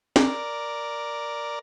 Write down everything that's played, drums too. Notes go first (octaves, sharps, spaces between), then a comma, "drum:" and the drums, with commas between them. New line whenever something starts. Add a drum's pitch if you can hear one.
A#4 D5, drum: snare